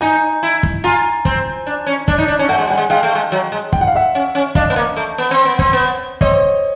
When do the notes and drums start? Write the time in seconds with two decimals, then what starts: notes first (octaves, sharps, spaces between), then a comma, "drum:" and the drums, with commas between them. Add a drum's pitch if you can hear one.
0.01 D#4 G#5 A#5
0.43 E4
0.63 drum: kick
0.84 F4 G#5 A#5
1.25 C4, drum: kick
1.67 D4
1.87 C#4
2.08 D4, drum: kick
2.18 D#4
2.28 D4
2.39 C#4
2.49 A3 F#5 G#5
2.58 G#3
2.67 G3 F#5 G#5
2.78 G#3
2.90 G#3 F5 G5
3.03 A3
3.15 G#3
3.32 F#3
3.52 G#3
3.73 G5, drum: kick
3.81 F#5
3.87 F5
3.95 E5 F#5
4.15 C#4
4.35 C#4
4.55 D4 D#5 F5, drum: kick
4.70 B3
4.76 A#3
4.96 A3
5.18 B3
5.31 C4
5.45 B3
5.59 C4, drum: kick
5.73 B3
6.21 C4 C#5 D#5, drum: kick